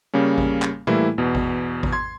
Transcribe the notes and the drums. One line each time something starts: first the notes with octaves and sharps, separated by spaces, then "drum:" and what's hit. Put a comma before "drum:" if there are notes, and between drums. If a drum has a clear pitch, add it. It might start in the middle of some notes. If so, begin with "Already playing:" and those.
C#3 G3 A#3 C#4
drum: kick A1
drum: clap
E3 G3 A3 A#3 E4, drum: tom A2
E2 B2
drum: kick A1
drum: kick A1
C6 G#6